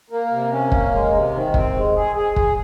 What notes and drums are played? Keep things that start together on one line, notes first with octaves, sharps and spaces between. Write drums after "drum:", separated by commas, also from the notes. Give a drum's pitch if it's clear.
A#3
C3
C#4
A#3, drum: kick
G#3
C3
D#3
C4, drum: kick
G#3
G#4
G#4
G#4, drum: kick